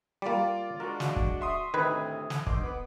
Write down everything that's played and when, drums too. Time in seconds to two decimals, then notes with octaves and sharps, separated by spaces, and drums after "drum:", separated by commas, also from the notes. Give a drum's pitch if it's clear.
0.22 G3 A#3 F4 D5 D6
0.80 G#3 D4 F#4 A#4
1.00 drum: snare
1.16 drum: kick
1.41 E5 C6 D#6
1.74 D2 A2 C3 D#3 B4 G#6
2.30 drum: snare
2.47 D3 D#3 C5 D6, drum: kick
2.63 B3